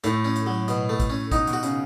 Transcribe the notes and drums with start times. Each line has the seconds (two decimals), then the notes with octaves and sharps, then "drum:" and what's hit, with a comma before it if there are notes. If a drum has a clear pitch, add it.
0.04 A2 A3, drum: hi-hat
0.25 C#4
0.36 drum: hi-hat
0.46 F#3
0.68 B2, drum: hi-hat
0.89 A3
1.00 drum: kick, hi-hat
1.10 C#4
1.32 B2 D#4, drum: kick, hi-hat
1.47 B2, drum: hi-hat
1.53 F#4
1.63 C#3, drum: hi-hat